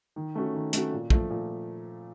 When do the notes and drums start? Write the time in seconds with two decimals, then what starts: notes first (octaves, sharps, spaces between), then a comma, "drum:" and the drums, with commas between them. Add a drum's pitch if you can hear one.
0.16 D#3
0.35 A3 C#4 F#4
0.55 D#3
0.73 A3 C#4 F#4, drum: hi-hat
0.92 A#2
1.10 F3 A3, drum: kick
1.30 A#2